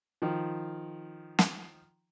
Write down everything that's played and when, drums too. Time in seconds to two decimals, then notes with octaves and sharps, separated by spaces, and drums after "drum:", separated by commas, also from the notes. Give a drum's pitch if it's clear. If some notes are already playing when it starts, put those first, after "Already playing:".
0.22 D#3 F3
1.39 drum: snare